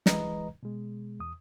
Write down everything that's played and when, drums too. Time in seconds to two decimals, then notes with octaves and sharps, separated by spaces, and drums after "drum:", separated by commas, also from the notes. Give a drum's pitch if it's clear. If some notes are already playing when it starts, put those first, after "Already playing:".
0.06 C2 E3 G#3 B4 D#5 A#5, drum: snare
0.63 B2 G#3
1.20 E2 D#6